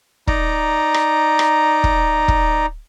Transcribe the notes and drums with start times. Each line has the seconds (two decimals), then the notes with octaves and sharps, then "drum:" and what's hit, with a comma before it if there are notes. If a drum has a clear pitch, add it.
0.27 D#4 D5 A#5, drum: kick
0.94 drum: rim click
1.39 drum: rim click
1.84 drum: kick
2.28 drum: kick